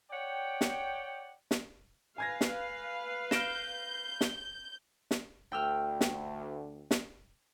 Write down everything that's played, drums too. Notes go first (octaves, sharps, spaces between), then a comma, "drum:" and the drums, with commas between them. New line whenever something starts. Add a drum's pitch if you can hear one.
C#5 D5 F#5 G5
drum: snare
drum: snare
B4 F5 G#5 G#6 A#6
drum: snare
F6 G6 A#6 D7 E7, drum: snare
drum: snare
drum: snare
D2 G5 E6 F6
drum: snare
drum: snare